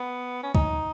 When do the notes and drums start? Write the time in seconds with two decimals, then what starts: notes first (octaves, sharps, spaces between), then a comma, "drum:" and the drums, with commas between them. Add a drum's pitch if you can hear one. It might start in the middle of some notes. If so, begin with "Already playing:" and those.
Already playing: B3
0.43 C#4
0.55 D#4, drum: kick